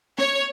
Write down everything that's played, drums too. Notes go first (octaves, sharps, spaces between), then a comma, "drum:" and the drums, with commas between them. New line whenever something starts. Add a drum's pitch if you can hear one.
C#5, drum: snare